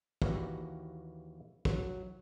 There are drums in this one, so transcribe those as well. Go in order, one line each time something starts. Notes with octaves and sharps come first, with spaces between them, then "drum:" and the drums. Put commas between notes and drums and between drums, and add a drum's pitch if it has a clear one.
D#2 E3 A#3 F#4 G4 B4, drum: kick
F#3, drum: kick